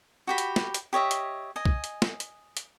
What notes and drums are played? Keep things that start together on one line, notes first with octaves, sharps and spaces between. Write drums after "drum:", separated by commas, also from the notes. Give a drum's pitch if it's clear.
F#4 G4 B5
drum: hi-hat
drum: snare
drum: hi-hat
G4 C#5 D#5 E5
drum: hi-hat
D#5 G#5
drum: kick
drum: hi-hat
drum: snare
drum: hi-hat
drum: hi-hat